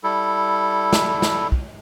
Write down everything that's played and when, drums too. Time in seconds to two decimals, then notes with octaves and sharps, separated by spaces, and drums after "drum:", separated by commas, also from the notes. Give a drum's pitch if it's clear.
0.03 G3 E4 A4
0.93 drum: snare
1.22 drum: snare
1.52 drum: kick